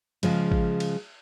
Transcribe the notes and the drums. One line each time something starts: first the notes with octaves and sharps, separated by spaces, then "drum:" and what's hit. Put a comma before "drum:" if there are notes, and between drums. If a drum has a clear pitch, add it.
C#3 F3 G#3, drum: cymbal
drum: kick
drum: cymbal